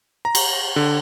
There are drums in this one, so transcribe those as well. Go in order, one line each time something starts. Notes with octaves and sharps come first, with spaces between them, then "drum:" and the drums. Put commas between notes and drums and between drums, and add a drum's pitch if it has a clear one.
A#5
drum: cymbal
D3